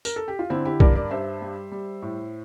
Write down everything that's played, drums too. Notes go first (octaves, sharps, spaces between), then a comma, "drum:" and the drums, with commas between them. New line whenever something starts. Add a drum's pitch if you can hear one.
A#4, drum: tambourine
A4
G4
F4
D3 C4 E4
E4 G4
G2 A#4 D5, drum: kick B1
A#4 D5
G2 C5 E5
G3
G3
A2